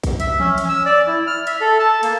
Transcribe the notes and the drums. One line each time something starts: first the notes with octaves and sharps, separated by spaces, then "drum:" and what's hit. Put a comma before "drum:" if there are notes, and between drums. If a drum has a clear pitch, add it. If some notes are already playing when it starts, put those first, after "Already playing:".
drum: kick, cymbal
E5, drum: cymbal
C#4, drum: tom E3
drum: cymbal
E6
D5
E4
F6
E5, drum: cymbal
A4
A5
A#3, drum: cymbal